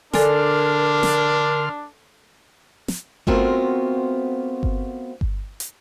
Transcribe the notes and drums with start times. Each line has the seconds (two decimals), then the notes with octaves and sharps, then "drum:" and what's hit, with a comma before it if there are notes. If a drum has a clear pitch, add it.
0.14 D3 D4 A4 A#4 D5 G#5 C6 F6, drum: snare
1.03 drum: snare
2.88 drum: snare
3.27 A3 B3 C4 F4 F#4 A#4, drum: kick G1
4.63 drum: kick G1
5.21 drum: kick G1
5.60 drum: hi-hat